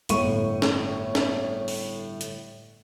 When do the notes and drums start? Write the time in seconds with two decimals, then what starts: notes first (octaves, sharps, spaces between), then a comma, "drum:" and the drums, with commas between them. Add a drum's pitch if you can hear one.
0.09 G1 A2 C#6 D#7, drum: hi-hat
0.62 drum: snare
1.15 drum: snare
1.68 drum: open hi-hat
2.21 drum: hi-hat